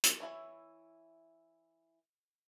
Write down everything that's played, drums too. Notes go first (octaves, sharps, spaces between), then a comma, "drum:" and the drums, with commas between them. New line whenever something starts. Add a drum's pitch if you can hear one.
drum: hi-hat
E3 F#3 E4 C#5